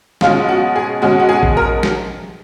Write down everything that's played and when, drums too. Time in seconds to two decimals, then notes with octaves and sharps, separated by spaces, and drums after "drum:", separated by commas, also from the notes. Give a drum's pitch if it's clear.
0.21 B2 G#3 C#4 F4, drum: snare
0.49 F#4
0.76 G#4
1.02 B2 G#3 C#4 F#4
1.20 F#4
1.29 G#4
1.43 drum: kick A1
1.57 A#4
1.83 drum: snare